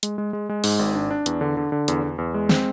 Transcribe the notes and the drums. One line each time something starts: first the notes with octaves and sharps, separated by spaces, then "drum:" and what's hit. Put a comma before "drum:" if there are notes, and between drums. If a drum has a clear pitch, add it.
G#3, drum: hi-hat
G#3
G#3
G#3
G#2, drum: open hi-hat
G#1
D4
D4
E2, drum: hi-hat
D3
D3
D3
E2, drum: hi-hat
E2
E2
G#3
C4, drum: snare